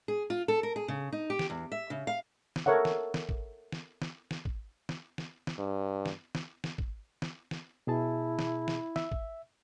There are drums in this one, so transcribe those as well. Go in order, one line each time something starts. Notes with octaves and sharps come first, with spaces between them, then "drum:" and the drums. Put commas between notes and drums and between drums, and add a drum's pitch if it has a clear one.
G#4
F4
A4
A#4
G#4
C#3
D#4
G4
drum: snare
E2
E5
C#3
F5
drum: snare
A4 A#4 C#5 E5 F#5
drum: snare
drum: snare
drum: kick
drum: snare
drum: snare
drum: snare
drum: kick
drum: snare
drum: snare
drum: snare
G2
drum: snare
drum: snare
drum: snare
drum: kick
drum: snare
drum: snare
B2 E4 G#4 A5
drum: snare
drum: snare
E5, drum: snare
drum: kick